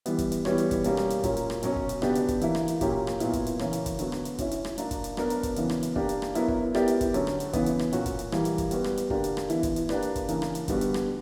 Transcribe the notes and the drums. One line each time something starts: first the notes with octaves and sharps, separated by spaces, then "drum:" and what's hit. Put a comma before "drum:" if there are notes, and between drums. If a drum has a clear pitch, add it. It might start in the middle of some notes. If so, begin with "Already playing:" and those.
E3 G3 B3, drum: hi-hat
drum: kick, hi-hat
drum: hi-hat
E3 G3 B3 F#4 C#5, drum: rim click
drum: hi-hat
drum: kick, hi-hat
B2 G3 A#3 C#4, drum: hi-hat
drum: rim click
drum: hi-hat
A#2 F#3 A#3 C#4, drum: kick, hi-hat
drum: hi-hat
drum: rim click
B2 F#3 C#4, drum: hi-hat
drum: kick
drum: hi-hat
C#3 F#3 B3 D4 G4, drum: rim click
drum: hi-hat
drum: kick, hi-hat
E3 A#3 E4, drum: hi-hat
drum: rim click
drum: hi-hat
A#2 F#3 A#3 C#4 G4, drum: kick, hi-hat
drum: rim click
A#2 F#3 B3 E4, drum: hi-hat
drum: kick, hi-hat
drum: hi-hat
C#3 E3 A#3 C#4, drum: rim click
drum: hi-hat
drum: kick, hi-hat
D3 F#3 B3 F#4, drum: hi-hat
drum: rim click
drum: hi-hat
F#3 C#4 E4, drum: kick, hi-hat
drum: hi-hat
drum: rim click
F#3 A#3 D4, drum: hi-hat
drum: kick, hi-hat
drum: hi-hat
F#3 B3 D4 A#4, drum: rim click
drum: hi-hat
drum: kick, hi-hat
C#3 E3 B3, drum: hi-hat
drum: rim click
drum: hi-hat
A#3 D4 G4 A#4, drum: kick
drum: hi-hat
drum: rim click
F#3 B3 E4 A#4, drum: hi-hat
drum: kick
B3 E4 G4 A#4 D5, drum: rim click
drum: hi-hat
drum: kick, hi-hat
D3 F#3 C#4, drum: hi-hat
drum: rim click
drum: hi-hat
C#3 E3 B3, drum: kick, hi-hat
drum: hi-hat
drum: rim click
A#2 F#3 C#4 F#4, drum: hi-hat
drum: kick, hi-hat
drum: hi-hat
E3 G3 A#3, drum: rim click
drum: hi-hat
drum: kick, hi-hat
G3 B3 F#4 B4, drum: hi-hat
drum: rim click
drum: hi-hat
D3 A#3 D4 G4 A#4, drum: kick
drum: hi-hat
drum: rim click
E3 B3 E4, drum: hi-hat
drum: kick, hi-hat
drum: hi-hat
A#3 D4 G4 B4 D5, drum: rim click
drum: hi-hat
drum: kick, hi-hat
C#3 E3 A#3 D4 A#4, drum: hi-hat
drum: rim click
drum: hi-hat
D3 G3 B3 D4 F#4, drum: kick, hi-hat
drum: hi-hat
drum: rim click